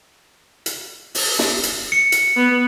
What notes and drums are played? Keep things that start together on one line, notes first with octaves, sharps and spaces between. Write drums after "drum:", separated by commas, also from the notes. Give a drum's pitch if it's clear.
drum: hi-hat
drum: open hi-hat
drum: snare
drum: hi-hat
C#7
drum: hi-hat
B3